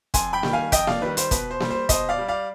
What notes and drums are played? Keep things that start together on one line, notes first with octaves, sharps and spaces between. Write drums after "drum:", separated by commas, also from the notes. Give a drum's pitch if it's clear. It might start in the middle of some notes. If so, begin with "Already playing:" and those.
F2 G#5 C6, drum: kick, hi-hat
G5 B5
D#3 G3, drum: snare A#3
F5 G#5
F2 D#5 G5, drum: kick, hi-hat
D5 F5, drum: snare A#3
D#3 G3 B4
C5, drum: hi-hat
B2 B4, drum: kick, hi-hat
C5
G3, drum: snare A#3
C5
B2 C5 D#5, drum: kick, hi-hat
D5 F5
G3
D5 F5